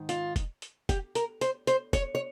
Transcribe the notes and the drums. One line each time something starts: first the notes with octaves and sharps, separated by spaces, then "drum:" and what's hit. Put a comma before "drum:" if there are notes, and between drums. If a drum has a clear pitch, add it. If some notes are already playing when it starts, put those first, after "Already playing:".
Already playing: G#2 D#3
F4, drum: hi-hat
drum: kick, hi-hat
drum: hi-hat
G4, drum: kick, hi-hat
A#4, drum: hi-hat
C5, drum: hi-hat
C5, drum: hi-hat
C#5, drum: kick, hi-hat
C#5